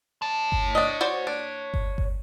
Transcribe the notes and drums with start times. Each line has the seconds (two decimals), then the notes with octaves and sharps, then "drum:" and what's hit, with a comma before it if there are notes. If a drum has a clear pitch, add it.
0.22 C#5 A5
0.52 drum: kick G1
0.75 D4 D#5
1.01 F#4 C5 D5
1.27 D4
1.74 drum: kick G1
1.98 drum: kick G1